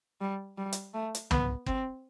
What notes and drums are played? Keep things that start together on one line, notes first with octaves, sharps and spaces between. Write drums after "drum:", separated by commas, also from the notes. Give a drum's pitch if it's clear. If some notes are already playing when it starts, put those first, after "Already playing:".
G3
G3
drum: hi-hat
A3
drum: hi-hat
B3, drum: tom
C4, drum: kick